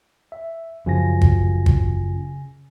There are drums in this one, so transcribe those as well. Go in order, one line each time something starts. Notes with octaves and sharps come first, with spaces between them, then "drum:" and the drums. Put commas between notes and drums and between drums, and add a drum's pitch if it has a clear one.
E5
F#2 C#3 F3 G#5 A#6
drum: kick
drum: kick